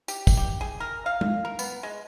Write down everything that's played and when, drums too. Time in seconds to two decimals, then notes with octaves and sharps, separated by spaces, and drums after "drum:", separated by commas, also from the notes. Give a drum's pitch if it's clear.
0.08 G4, drum: tambourine
0.27 drum: kick, tambourine
0.37 G4
0.61 G#4
0.80 A#4
1.06 F5
1.21 drum: tom G#3
1.45 A#4
1.59 B3, drum: tambourine
1.83 G#3